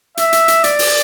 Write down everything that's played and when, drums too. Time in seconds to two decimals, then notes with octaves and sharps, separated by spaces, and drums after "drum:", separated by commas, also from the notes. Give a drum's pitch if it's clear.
0.17 E5, drum: hi-hat
0.33 drum: hi-hat
0.48 drum: hi-hat
0.64 D5, drum: hi-hat
0.79 drum: open hi-hat